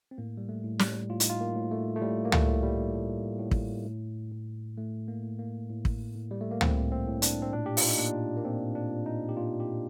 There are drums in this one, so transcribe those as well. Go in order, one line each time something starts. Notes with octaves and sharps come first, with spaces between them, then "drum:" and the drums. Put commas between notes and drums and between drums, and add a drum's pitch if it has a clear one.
C4
A2 A#3
G3
A3
A2
G3, drum: snare
A2 F4
D#4, drum: hi-hat
F4
A#3
A2
A3
A3
A2 G3
A#3
A3, drum: tom C#2
A2
G3
A2
A2
drum: kick
A2
A2
A2 A3
A#3
A2
A#3
A2
drum: kick
A2
G3
A3
A#3
A2 C4, drum: tom C#2
C4
A2
D4, drum: hi-hat
C4
A#2 D4
G4
F4, drum: open hi-hat
D#4
A#2 D4
A#3
A#2 C4
D4
A#2
D#4
G4
A#2 F4
G4